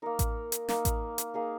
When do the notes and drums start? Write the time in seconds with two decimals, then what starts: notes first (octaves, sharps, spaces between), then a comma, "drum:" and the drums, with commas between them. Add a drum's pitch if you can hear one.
0.02 A#3 D#4 A#4
0.19 drum: kick A1, hi-hat
0.52 drum: hi-hat
0.68 A#3 D#4, drum: snare
0.85 drum: kick A1, hi-hat
1.18 drum: hi-hat
1.34 A#3 D#4 G#4